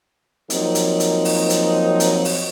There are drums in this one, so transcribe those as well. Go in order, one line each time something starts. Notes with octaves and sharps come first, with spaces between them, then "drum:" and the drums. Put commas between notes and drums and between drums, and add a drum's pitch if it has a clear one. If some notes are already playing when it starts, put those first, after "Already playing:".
F3 F#3 A#3 C4 D#4, drum: hi-hat
drum: hi-hat
drum: hi-hat
drum: open hi-hat
drum: hi-hat
drum: hi-hat
drum: open hi-hat